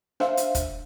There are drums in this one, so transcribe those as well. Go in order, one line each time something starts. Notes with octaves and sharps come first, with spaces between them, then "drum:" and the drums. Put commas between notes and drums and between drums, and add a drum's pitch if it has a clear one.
D4 C5 E5 F5, drum: rim click
drum: hi-hat
drum: kick, hi-hat